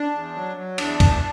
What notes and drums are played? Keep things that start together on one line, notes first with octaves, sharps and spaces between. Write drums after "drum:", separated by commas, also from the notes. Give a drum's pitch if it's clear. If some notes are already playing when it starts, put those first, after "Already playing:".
Already playing: D4
E2
F#3
F#3
E2 D4, drum: cymbal
E2, drum: kick C#2, cymbal